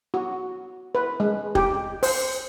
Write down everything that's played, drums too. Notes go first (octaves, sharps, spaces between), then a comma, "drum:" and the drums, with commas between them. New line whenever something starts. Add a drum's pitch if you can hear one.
F#4
B4
G#3
G4, drum: kick
C5, drum: open hi-hat